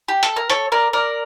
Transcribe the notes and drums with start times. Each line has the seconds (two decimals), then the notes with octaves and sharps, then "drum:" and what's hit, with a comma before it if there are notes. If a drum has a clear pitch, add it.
0.08 G4
0.23 A4, drum: hi-hat
0.36 A#4
0.50 A4 C#5, drum: hi-hat
0.72 A#4 D5
0.93 A#4 D5